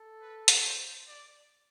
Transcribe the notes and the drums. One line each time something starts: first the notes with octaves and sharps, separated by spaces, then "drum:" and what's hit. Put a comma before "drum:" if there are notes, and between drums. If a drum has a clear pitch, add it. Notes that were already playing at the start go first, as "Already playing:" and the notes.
Already playing: A4
B4
drum: hi-hat
C5
D5